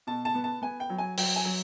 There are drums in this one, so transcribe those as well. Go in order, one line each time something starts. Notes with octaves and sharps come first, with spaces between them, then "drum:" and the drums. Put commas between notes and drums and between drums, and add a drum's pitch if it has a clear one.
B2 A5
A5
B3
A5
B3 G#5
G5
F#3
G#5
F#3 G5, drum: open hi-hat
G#5
F#3